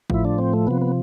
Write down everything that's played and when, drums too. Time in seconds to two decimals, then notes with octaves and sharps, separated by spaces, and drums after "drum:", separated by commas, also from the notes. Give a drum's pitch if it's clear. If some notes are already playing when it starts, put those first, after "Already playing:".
0.10 A2 F3 E4, drum: kick
0.25 D4
0.38 C4
0.53 A3
0.67 C3 F3 B3
0.81 B3